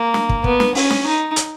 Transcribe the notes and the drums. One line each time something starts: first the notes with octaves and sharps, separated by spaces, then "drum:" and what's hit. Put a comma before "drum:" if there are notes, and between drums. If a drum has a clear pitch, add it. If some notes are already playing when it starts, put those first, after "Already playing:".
Already playing: A#3
drum: snare
drum: kick
B3, drum: kick
drum: snare
C#4, drum: open hi-hat
drum: snare
D#4
drum: hi-hat